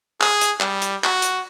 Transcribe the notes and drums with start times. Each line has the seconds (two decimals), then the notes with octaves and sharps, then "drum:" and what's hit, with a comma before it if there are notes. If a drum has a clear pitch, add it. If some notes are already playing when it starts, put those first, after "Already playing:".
0.21 G#4, drum: clap
0.41 drum: hi-hat
0.61 G3, drum: clap
0.82 drum: hi-hat
1.04 F#4, drum: clap
1.22 drum: hi-hat